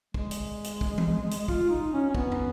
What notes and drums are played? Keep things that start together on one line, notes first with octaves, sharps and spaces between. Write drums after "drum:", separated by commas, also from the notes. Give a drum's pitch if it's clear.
G#3, drum: kick
drum: hi-hat
drum: hi-hat
drum: kick
drum: tom E3
drum: hi-hat
F4, drum: kick
D#4
C#4
C#4
B3, drum: kick
drum: tom